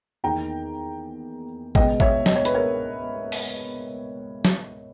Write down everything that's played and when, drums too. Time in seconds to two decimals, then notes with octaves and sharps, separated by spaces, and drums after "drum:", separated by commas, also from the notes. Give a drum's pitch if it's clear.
0.24 E2 D#3 A#3 G5 A#5
1.75 C#2 B2 G#3 B3 D#5 G5, drum: kick A1
2.00 C#5 E5, drum: kick A1
2.26 D#5, drum: snare
2.36 C#5
2.45 B4, drum: hi-hat
2.55 A#4 C#5
3.32 drum: open hi-hat
4.45 drum: snare